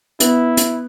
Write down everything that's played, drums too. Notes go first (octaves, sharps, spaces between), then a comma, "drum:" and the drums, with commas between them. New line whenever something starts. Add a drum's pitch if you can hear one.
B3 E4, drum: hi-hat
drum: hi-hat